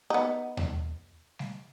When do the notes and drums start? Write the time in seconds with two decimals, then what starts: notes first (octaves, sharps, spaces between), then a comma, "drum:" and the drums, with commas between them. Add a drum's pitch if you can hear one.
0.10 B3 D#4
0.57 drum: tom D#2
1.39 drum: snare